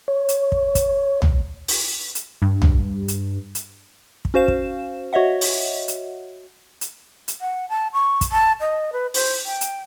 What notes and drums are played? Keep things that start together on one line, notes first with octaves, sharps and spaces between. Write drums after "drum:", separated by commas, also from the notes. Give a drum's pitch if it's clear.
C#5
drum: hi-hat
drum: kick
drum: kick, hi-hat
drum: tom B1
drum: open hi-hat
drum: hi-hat
G2
drum: tom B1
drum: hi-hat
drum: hi-hat
drum: kick
C#4 F#4 C5 F5 E7
drum: kick
F#4 C#5 D#5 E5 F#5
drum: open hi-hat
drum: hi-hat
drum: hi-hat
drum: hi-hat
F#5
A5
C#6
drum: kick, hi-hat
A5
D#5
B4
C5, drum: open hi-hat
G5
drum: hi-hat